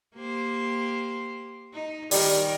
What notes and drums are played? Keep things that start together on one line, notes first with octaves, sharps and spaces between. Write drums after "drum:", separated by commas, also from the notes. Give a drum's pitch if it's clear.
A#3 G4 C5
D#4
D#3 G3 A#4, drum: open hi-hat